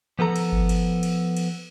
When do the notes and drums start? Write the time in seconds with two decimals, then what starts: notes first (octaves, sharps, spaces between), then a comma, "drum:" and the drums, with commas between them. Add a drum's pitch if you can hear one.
0.19 F3 B3 A4 A#5
0.36 drum: cymbal
0.52 drum: kick G1
0.69 drum: cymbal
1.03 drum: cymbal
1.37 drum: cymbal